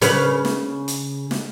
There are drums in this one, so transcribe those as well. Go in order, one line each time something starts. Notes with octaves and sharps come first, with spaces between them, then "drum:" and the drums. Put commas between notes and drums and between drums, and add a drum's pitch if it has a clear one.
C#3 B4, drum: hi-hat
drum: snare
drum: hi-hat
drum: snare